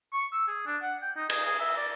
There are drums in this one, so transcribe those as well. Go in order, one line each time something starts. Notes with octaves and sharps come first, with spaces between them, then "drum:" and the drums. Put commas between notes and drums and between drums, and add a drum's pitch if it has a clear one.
C#6
E6
G#4
D4
F#5
G5
D#4
G#4, drum: cymbal
G#4
E5
D5